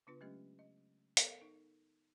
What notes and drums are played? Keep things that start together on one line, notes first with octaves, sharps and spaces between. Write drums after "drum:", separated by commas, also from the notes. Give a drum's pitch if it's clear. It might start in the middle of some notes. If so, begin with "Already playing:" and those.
C#3 B3 D4 F4 B4
F#3 G#3 A3 C#4 G4 D#5
D#5
B3 A4 A#4, drum: hi-hat
D#4